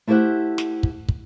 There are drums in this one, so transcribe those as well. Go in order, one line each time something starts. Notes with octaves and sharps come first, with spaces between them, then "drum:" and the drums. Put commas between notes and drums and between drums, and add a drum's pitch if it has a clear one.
A3 E4 G4 C5 E5 F#5
drum: snare
drum: kick
drum: kick